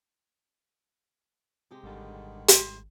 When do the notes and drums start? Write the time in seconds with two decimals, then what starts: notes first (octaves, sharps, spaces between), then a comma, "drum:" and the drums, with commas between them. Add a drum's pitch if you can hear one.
1.71 C3 G#3 G4
1.83 G#1 G#2 D3 D#3 G3 A4
2.48 drum: hi-hat